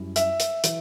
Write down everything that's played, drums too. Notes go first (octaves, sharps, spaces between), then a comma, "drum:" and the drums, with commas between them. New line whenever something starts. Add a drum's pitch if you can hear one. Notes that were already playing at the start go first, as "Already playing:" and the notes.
Already playing: F#2 G3 E4
E5, drum: hi-hat
drum: hi-hat
E3, drum: hi-hat